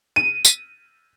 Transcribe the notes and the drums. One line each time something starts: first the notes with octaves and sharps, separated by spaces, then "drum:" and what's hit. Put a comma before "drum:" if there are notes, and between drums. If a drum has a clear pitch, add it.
D#7
drum: tambourine